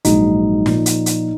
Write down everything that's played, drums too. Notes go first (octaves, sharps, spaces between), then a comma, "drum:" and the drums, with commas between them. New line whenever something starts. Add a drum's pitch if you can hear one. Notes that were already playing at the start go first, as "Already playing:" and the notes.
A#1 G#2 F#3 D#4, drum: hi-hat
A#2 F3 A#3, drum: snare
drum: hi-hat
drum: hi-hat